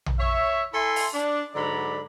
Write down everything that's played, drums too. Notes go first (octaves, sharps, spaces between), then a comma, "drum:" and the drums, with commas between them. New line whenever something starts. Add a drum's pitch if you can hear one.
drum: tom A#1
C#5 E5
E4 A4 E5 G#5 C6
drum: open hi-hat
D4
G#2 D3 F#3 D5 A#5 B5